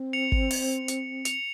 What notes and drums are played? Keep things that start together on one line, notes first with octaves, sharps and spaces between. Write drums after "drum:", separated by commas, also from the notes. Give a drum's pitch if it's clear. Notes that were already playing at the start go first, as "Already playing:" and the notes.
Already playing: C4
C#7 F7
drum: kick
drum: open hi-hat
drum: hi-hat
C#7 F7, drum: hi-hat